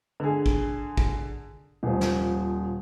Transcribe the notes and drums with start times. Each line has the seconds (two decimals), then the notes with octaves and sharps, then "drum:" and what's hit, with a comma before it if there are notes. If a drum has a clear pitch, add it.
0.20 D3 G#4
0.46 drum: kick
0.97 drum: kick
1.83 D#1 F3
2.01 drum: snare